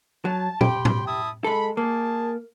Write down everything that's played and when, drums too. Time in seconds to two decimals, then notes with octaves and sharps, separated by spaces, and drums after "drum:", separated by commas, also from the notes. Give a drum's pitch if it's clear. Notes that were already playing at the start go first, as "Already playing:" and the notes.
0.25 F#3 A5
0.61 G4 G5 B5 C6, drum: tom A#2
0.85 drum: tom A2
1.08 E4 A5 D#6
1.44 G#3 A4 B5
1.77 A#3 G#4 A5